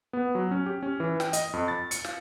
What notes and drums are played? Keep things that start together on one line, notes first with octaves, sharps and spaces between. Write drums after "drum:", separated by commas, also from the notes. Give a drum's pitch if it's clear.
B3
F#3
C#4
G4
C#4
E3
G5, drum: snare
D#5, drum: hi-hat
F2
A6
C#7, drum: hi-hat
F5, drum: snare